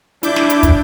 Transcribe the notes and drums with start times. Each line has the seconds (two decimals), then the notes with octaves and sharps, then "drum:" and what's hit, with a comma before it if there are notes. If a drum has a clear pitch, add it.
0.23 D4 E4 D6 G6, drum: hi-hat
0.36 drum: snare
0.50 drum: hi-hat
0.63 drum: kick, hi-hat